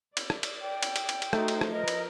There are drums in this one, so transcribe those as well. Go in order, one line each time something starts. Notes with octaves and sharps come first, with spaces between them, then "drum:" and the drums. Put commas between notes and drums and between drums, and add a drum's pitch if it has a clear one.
D5, drum: cymbal
drum: rim click
drum: cymbal
G5
drum: cymbal
drum: cymbal
drum: cymbal
drum: cymbal
A3 D#4 F#4 C5, drum: rim click
drum: cymbal
drum: rim click
F3 A#4 B4 D#5
drum: cymbal